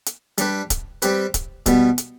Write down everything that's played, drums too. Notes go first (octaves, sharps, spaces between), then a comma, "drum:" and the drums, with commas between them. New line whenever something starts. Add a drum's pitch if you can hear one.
drum: hi-hat
G3 D4 G4 B4, drum: hi-hat
drum: kick C#1, hi-hat
G3 C4 G4 B4, drum: hi-hat
drum: kick C#1, hi-hat
B2 G3 B3, drum: kick C#1, hi-hat
drum: hi-hat